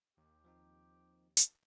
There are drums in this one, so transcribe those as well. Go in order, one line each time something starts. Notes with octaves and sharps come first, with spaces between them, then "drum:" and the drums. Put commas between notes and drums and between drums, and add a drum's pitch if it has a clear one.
D#2 G4
F3 C4 D#4
drum: hi-hat